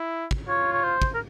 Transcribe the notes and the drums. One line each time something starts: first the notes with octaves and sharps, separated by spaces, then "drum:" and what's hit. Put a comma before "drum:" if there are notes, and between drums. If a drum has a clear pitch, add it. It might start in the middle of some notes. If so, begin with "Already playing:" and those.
Already playing: E4
drum: kick
F4 C#5
C#5
C5
drum: kick
A#4